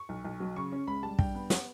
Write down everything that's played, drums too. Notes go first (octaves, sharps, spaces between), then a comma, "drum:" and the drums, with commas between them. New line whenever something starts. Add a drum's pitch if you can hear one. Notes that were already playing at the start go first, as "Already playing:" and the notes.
Already playing: C#6
B1
B1
F#3
C#3 C#6
C#4
C#2 B5
G3 A5
G2 G5, drum: kick
B3
F#5, drum: snare